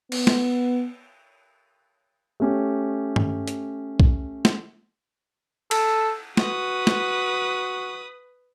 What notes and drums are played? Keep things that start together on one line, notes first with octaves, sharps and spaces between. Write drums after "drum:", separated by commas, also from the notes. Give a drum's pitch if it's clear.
B3, drum: cymbal
drum: snare
A3 C#4 G4
drum: tom
drum: hi-hat
drum: kick B1
drum: snare
A4, drum: cymbal
F#4 B4 D#6, drum: snare
drum: snare